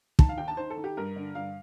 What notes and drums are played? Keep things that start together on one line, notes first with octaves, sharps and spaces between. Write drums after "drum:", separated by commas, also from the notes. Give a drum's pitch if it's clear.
D#3 A5, drum: kick
F5
D#2 G5
A5
D#3 C5
A4
D#3
G4
G2 A#4
D3
G2 F5